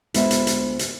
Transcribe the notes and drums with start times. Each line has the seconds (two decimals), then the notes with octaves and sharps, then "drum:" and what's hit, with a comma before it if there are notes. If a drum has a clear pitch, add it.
0.14 D2 G#3 B3 F4 C5 E5, drum: hi-hat
0.31 drum: hi-hat
0.47 drum: hi-hat
0.79 drum: hi-hat